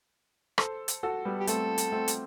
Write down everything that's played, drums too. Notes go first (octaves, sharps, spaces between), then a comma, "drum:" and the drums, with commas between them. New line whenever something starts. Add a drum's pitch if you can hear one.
A4 C5, drum: rim click
drum: hi-hat
F#4 A4
G3 B3
G4
A3 C4 A4, drum: hi-hat
drum: hi-hat
A3 C4
drum: hi-hat